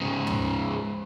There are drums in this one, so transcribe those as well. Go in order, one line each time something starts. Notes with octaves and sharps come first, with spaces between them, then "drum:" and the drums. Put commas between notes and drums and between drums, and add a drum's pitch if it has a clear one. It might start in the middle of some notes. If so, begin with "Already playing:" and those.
G#2 C#3
drum: tom